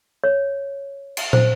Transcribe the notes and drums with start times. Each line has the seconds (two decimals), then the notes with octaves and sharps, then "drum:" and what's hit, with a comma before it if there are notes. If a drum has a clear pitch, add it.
0.24 C#5
1.17 drum: cymbal
1.33 C5, drum: tom